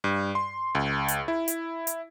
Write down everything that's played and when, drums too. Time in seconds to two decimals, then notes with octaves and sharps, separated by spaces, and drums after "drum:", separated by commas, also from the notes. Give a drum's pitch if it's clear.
0.04 G2
0.35 C6
0.75 C#2
1.08 drum: hi-hat
1.28 E4
1.48 drum: hi-hat
1.87 drum: hi-hat